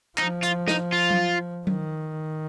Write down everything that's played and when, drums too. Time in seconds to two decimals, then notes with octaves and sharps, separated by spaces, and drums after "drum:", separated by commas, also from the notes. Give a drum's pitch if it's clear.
0.18 F3 D#4, drum: clap
0.43 F4, drum: hi-hat
0.68 D#4, drum: snare
0.92 F4
1.11 drum: tom F#3
1.67 D#3, drum: tom F#3